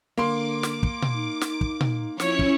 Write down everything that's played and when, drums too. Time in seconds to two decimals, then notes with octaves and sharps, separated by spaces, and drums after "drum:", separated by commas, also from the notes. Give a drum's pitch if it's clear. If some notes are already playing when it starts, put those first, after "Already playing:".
0.18 D3 A#3 C6 D6
0.63 drum: snare
0.83 drum: kick
1.02 drum: tom A#2
1.14 D#4
1.41 drum: snare
1.61 drum: kick
1.81 drum: tom A#2
2.20 F3 C#4 E4 C#5, drum: snare
2.39 drum: kick